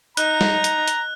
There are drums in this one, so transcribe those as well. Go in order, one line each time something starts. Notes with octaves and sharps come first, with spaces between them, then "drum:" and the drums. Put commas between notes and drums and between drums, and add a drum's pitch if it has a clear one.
D#4 A#5 F#6, drum: hi-hat
drum: snare
drum: hi-hat
drum: hi-hat